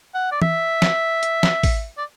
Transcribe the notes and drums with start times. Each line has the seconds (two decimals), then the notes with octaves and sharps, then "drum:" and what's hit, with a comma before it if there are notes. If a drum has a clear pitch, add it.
0.14 F#5
0.32 D5
0.42 E5, drum: tom E3
0.82 drum: snare
1.23 drum: hi-hat
1.43 drum: snare
1.63 drum: kick, open hi-hat
1.97 D5